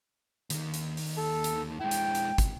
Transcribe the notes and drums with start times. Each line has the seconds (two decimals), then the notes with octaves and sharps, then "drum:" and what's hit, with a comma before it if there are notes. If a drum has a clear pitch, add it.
0.50 D#2 D#3, drum: hi-hat
0.74 drum: hi-hat
0.97 drum: open hi-hat
1.17 A4
1.44 drum: hi-hat
1.80 G#3 E4 G5
1.91 drum: hi-hat
2.15 drum: hi-hat
2.38 drum: kick, hi-hat